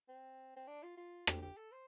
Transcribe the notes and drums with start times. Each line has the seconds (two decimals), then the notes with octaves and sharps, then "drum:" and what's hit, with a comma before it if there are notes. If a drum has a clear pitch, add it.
0.08 C4
0.56 C4
0.67 D4
0.83 F4
0.97 F4
1.27 G4, drum: rim click
1.42 G4
1.57 A4
1.72 C5